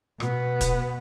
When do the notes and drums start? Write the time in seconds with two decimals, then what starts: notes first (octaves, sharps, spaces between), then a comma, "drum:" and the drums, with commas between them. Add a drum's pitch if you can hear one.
0.20 B2 B3, drum: rim click
0.61 drum: kick, hi-hat